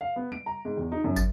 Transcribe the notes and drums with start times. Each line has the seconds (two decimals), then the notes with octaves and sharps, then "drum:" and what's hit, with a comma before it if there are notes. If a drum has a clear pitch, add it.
0.01 F5
0.16 B3
0.32 D7, drum: tom G3
0.46 A#5
0.65 G#2
0.77 E2
0.92 D#4
1.04 F#2
1.16 A6, drum: kick, tambourine